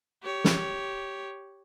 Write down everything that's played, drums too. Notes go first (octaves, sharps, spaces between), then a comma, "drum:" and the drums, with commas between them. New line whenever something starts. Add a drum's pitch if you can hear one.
G4 C#5
drum: snare